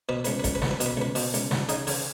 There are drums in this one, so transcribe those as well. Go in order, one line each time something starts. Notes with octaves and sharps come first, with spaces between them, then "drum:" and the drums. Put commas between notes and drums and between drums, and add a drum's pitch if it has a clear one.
B2 B4
C#2 B4, drum: hi-hat
B4
C#2, drum: kick, hi-hat
B4
C#2, drum: snare
B4
B2, drum: hi-hat
B4
C#2 B4
B2, drum: open hi-hat
C#2, drum: hi-hat
C#2, drum: snare
C#3 D#4, drum: hi-hat
C#3, drum: open hi-hat